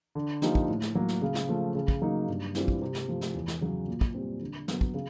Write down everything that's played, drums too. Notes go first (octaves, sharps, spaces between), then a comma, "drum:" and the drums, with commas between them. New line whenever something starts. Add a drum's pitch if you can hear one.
D3
F3 A#3 D#4 G4, drum: snare
drum: kick
A2
drum: snare
F#3 A#3
drum: snare
C#3
drum: snare
F3 A3
C#3
drum: kick
F#3 A#3 D#4
G2
E3 G3 C4 F4, drum: snare
drum: kick
C3
drum: snare
F3 A3
drum: snare
E2
drum: snare
C#3 F#3
A#2
drum: kick
G3 C4
D3
F#3 B3, drum: snare
drum: kick
C#3